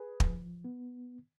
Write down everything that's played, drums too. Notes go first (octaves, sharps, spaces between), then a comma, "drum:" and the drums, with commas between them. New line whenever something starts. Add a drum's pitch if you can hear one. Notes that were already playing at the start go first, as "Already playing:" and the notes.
Already playing: G#4 B4
F3, drum: kick
B3